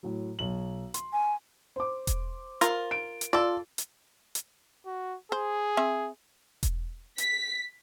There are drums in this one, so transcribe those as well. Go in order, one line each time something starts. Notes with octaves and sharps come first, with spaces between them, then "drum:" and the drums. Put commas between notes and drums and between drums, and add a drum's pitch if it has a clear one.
A2 F#3
B1 F#7
C6, drum: hi-hat
G#5
C5 D6
drum: kick E1, hi-hat
F4 A#4, drum: hi-hat
D7
drum: hi-hat
F4 A4 D5
drum: hi-hat
drum: hi-hat
F#4
G#4 C5
C4 E5
drum: kick E1, hi-hat
B6, drum: hi-hat